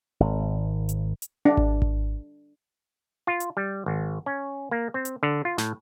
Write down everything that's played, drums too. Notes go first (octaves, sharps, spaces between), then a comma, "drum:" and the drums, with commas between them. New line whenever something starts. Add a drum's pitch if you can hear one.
G#1
drum: hi-hat
drum: hi-hat
D4
drum: kick G#1
drum: kick G#1
F4
drum: hi-hat
G3
G#1
C#4
A#3
C4
drum: hi-hat
D3
F4
A2, drum: snare